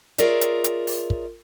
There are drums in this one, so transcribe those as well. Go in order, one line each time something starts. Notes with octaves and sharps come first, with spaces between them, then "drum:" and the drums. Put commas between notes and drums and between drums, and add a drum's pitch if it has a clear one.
F4 G#4 A#4 C#5 D5 E5, drum: hi-hat
drum: hi-hat
drum: hi-hat
drum: open hi-hat
drum: kick